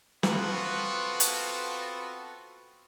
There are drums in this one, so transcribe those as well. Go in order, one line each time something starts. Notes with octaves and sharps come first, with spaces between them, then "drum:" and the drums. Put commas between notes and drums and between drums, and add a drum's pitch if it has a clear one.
B3 C4 F4 F#4 A4 B4, drum: snare
drum: hi-hat